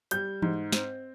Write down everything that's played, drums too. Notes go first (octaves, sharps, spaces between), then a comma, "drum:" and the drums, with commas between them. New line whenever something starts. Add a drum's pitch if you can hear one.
G3 G6, drum: hi-hat
G#2, drum: tom E3
C4, drum: snare